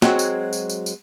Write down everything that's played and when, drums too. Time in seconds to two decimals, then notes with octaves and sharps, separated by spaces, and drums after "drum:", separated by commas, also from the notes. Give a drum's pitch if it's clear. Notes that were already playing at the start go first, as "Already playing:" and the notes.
0.02 F#3 G#3 C4 F#4, drum: snare
0.19 drum: tambourine
0.53 drum: tambourine
0.69 drum: tambourine
0.86 drum: tambourine